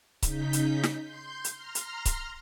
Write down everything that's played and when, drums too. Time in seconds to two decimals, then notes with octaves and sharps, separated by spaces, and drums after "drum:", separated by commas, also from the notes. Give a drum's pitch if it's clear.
0.22 C#3 D#4 G6 B6, drum: kick C#1, hi-hat
0.53 drum: hi-hat
0.83 drum: snare
1.03 C6 G6
1.44 drum: hi-hat
1.53 A#5 C6 F6
1.75 drum: hi-hat
2.05 drum: kick C#1, hi-hat